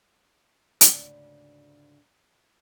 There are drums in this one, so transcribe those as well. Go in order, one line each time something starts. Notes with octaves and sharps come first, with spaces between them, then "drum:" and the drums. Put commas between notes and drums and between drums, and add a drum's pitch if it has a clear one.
D2 G#2 C#3 D4, drum: hi-hat